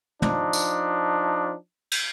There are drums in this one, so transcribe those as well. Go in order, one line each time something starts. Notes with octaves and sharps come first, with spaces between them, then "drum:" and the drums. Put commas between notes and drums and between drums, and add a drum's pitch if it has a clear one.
F3 D4 D#4, drum: tom
drum: tambourine
drum: cymbal